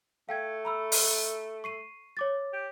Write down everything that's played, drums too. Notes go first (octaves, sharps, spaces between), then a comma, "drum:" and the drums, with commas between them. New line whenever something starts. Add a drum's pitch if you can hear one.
A3 F5 G5 G#6
A#5 B5 E6
drum: open hi-hat
C#6 C7 D#7
C#5 D6 A6
G4